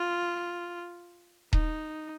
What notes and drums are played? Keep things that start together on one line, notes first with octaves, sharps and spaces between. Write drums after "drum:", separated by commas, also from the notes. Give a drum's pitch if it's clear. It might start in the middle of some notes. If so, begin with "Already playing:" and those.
Already playing: F4
D#4, drum: kick D#1